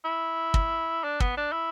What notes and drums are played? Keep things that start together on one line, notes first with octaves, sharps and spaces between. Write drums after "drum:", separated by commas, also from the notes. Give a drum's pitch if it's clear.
E4
drum: kick
D4
B3, drum: kick
D4
E4